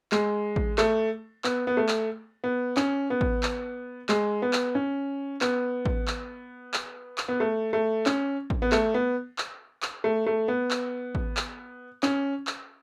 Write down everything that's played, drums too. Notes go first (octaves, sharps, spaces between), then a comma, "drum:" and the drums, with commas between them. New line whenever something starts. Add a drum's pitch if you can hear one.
G#3, drum: clap
drum: kick A1
A3, drum: clap
B3, drum: clap
B3
A3
drum: clap
B3
C#4, drum: clap
B3
drum: kick A1
drum: clap
G#3, drum: clap
B3
drum: clap
C#4
B3, drum: clap
drum: kick A1
drum: clap
drum: clap
drum: clap
B3
A3
A3
C#4, drum: clap
drum: kick A1
B3
A3, drum: clap
B3
drum: clap
drum: clap
A3
A3
B3
drum: clap
drum: kick A1
drum: clap
C#4, drum: clap
drum: clap